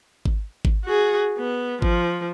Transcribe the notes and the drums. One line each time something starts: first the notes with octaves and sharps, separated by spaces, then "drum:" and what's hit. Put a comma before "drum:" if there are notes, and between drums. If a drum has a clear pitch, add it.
drum: kick G#1
drum: kick G#1
F#4 G#4
B3
F3, drum: kick G#1